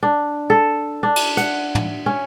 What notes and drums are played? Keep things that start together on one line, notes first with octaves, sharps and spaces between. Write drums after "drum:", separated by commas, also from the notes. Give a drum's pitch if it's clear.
D4
A4
D4
drum: cymbal
F#5, drum: hi-hat
drum: tom
C#4